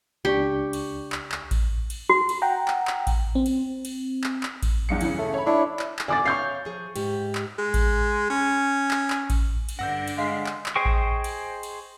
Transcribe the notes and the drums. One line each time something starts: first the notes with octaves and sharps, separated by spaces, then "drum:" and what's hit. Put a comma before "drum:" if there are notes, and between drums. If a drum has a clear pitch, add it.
C#2 D4 G4 C#6
drum: cymbal
drum: clap
drum: clap
drum: kick A1, cymbal
drum: cymbal
F#4
drum: cymbal
F#5 G5 A#5
drum: clap
drum: clap
drum: kick A1, cymbal
C4
drum: cymbal
drum: cymbal
drum: clap
drum: clap
drum: kick A1, cymbal
E2 G2 C#7
C#3 E3, drum: cymbal
A3
C#5 B5
D4 E4
drum: clap
drum: clap
D3 F#4 D5 G#5 D6 A6
C#5 E5 F5 C#6 G6 C7
F3 G#4
G#2 G4, drum: cymbal
drum: clap
G#3
drum: kick A1, cymbal
C#4
drum: clap
drum: clap
drum: kick A1, cymbal
drum: cymbal
G2 D3 D4 F#5 E6 G6 A#6
drum: cymbal
G#3 F5 B6 C7
drum: clap
drum: clap
G#4 C5 D#5 G5 C#6
drum: kick A1
drum: cymbal
drum: cymbal